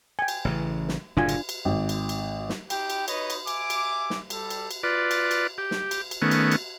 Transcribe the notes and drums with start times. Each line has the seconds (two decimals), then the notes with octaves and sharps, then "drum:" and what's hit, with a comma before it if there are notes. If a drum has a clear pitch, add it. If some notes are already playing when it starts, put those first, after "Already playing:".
0.19 G5 G#5
0.28 drum: cymbal
0.45 A1 C#3 E3
0.88 drum: snare
1.17 F#1 A2 D3 D4 F4 G#5
1.29 drum: cymbal
1.49 drum: cymbal
1.65 G#1
1.89 drum: cymbal
2.09 drum: cymbal
2.49 drum: snare
2.70 D#4 G4 G5, drum: cymbal
2.90 drum: cymbal
3.08 D#4 B4 C#5 D#5, drum: cymbal
3.30 drum: cymbal
3.47 E5 G#5 D6, drum: cymbal
3.70 drum: cymbal
4.10 drum: snare
4.30 G3 A4, drum: cymbal
4.50 drum: cymbal
4.71 drum: cymbal
4.83 F4 B4 D5
5.11 drum: cymbal
5.31 drum: cymbal
5.58 G4
5.71 drum: snare
5.91 drum: cymbal
6.11 drum: cymbal
6.22 D#3 A3 B3 C#4
6.31 drum: cymbal
6.52 drum: cymbal